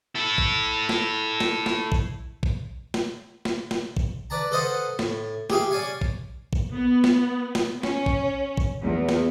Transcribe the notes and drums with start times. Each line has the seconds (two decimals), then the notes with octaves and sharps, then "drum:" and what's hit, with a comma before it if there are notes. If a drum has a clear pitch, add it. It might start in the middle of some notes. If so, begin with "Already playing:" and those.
0.15 E4 A4
0.38 drum: kick A#1
0.89 drum: snare
1.40 drum: snare
1.66 drum: snare
1.92 drum: kick A#1
2.43 drum: kick A#1
2.94 drum: snare
3.45 drum: snare
3.71 drum: snare
3.97 drum: kick A#1
4.30 B4 D5 A5 A#5
4.51 A4 B4 C5 D#5 F5 F#5
4.99 A2, drum: snare
5.50 G4 G#4 E5 F5, drum: snare
5.71 C#4 D5 F5 G#5 C#6
6.01 drum: kick A#1
6.53 drum: kick A#1
6.72 B3
7.04 drum: snare
7.55 drum: snare
7.83 C#4, drum: snare
8.06 drum: kick A#1
8.57 drum: kick A#1
8.81 E2
9.09 drum: snare